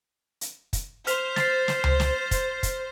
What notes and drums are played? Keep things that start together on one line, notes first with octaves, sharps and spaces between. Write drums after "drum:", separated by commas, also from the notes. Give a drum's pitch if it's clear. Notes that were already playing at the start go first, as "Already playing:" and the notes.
drum: hi-hat
drum: kick, hi-hat
C5 F6 B6 F7, drum: hi-hat
A6 C7, drum: snare
drum: snare
drum: tom C#2
drum: snare
drum: kick, hi-hat
drum: kick, hi-hat